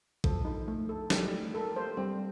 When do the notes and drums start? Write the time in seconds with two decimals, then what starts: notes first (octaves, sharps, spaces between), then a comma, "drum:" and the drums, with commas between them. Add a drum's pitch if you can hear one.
0.24 F3 A4, drum: kick
0.45 D#4
0.68 A3
0.89 A4
1.10 G3 D#4, drum: snare
1.32 A3
1.54 A#3 A4
1.76 C5
1.97 G3 C4